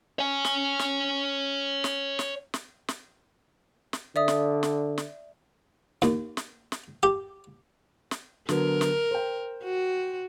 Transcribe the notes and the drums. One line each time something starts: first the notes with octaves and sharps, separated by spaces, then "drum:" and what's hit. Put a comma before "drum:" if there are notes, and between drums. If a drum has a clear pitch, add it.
C#5 G#5
drum: snare
drum: snare
drum: snare
drum: snare
drum: snare
drum: snare
drum: snare
D3 D5 E5 D#6
drum: snare
drum: snare
drum: snare
D#2, drum: snare
drum: snare
drum: snare
G4
drum: snare
D3 F#3 B3 A#4, drum: snare
drum: snare
C5 G5
F#4